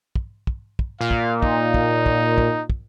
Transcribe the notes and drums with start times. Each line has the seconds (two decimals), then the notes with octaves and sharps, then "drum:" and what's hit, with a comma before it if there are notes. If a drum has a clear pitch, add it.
0.16 drum: kick
0.47 drum: kick
0.79 drum: kick
1.01 A#2 F5
1.11 drum: kick
1.43 D#4, drum: kick
1.74 drum: kick
2.06 drum: kick
2.38 drum: kick
2.70 drum: kick